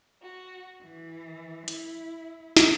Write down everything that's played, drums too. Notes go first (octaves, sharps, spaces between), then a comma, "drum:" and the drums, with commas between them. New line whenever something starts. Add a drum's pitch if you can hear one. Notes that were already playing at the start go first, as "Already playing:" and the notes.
F#4
E3
E4, drum: hi-hat
drum: snare